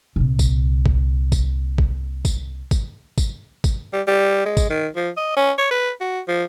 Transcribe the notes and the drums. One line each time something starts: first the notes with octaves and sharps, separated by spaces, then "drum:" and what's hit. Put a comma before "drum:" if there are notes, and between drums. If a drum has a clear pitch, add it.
C2 A#2
drum: kick, tambourine
drum: kick
drum: kick, tambourine
drum: kick
drum: kick, tambourine
drum: kick, tambourine
drum: kick, tambourine
drum: kick, tambourine
G3
G3
G#3
drum: kick, tambourine
D#3
F3
D#5
C#4
C#5
B4
F#4
F3